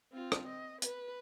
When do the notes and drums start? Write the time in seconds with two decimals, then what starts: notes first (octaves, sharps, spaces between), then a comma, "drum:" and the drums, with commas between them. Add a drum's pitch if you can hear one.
0.13 C4 F4
0.32 drum: rim click
0.48 D#5
0.82 B4, drum: hi-hat